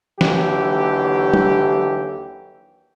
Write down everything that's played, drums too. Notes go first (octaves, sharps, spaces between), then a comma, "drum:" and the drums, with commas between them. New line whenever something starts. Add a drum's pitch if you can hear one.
D#2 D3 E3 F#3 G4, drum: snare
drum: tom F#3